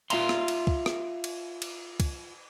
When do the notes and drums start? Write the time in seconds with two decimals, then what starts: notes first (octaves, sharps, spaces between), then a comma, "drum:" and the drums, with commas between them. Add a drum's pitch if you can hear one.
0.10 F4 E5 F5 A#5 C6, drum: cymbal
0.29 drum: rim click
0.48 drum: cymbal
0.67 drum: kick
0.86 drum: rim click
1.24 drum: cymbal
1.62 drum: cymbal
2.00 drum: kick, cymbal